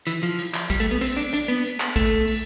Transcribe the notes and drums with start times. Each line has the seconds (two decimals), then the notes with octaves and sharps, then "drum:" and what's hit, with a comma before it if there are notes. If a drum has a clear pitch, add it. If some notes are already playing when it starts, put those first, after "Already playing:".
0.07 E3, drum: hi-hat
0.23 F3
0.39 drum: hi-hat
0.54 drum: clap
0.70 G3, drum: kick, hi-hat
0.80 A3
0.91 B3
1.01 C4, drum: open hi-hat
1.17 D4
1.33 D4, drum: hi-hat
1.48 B3
1.64 drum: hi-hat
1.80 drum: clap
1.96 A3, drum: kick, hi-hat
2.27 drum: open hi-hat